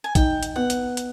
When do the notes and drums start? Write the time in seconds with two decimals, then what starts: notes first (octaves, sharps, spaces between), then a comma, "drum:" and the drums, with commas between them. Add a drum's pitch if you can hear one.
0.04 G#5
0.15 D#4 G5, drum: kick, hi-hat
0.43 drum: hi-hat
0.56 B3 F#5
0.70 drum: hi-hat
0.97 drum: hi-hat